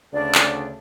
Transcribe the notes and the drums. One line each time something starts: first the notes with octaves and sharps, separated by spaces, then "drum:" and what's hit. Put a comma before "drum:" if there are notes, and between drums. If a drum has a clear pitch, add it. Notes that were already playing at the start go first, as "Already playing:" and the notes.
D2 C#3 D4 D5
drum: clap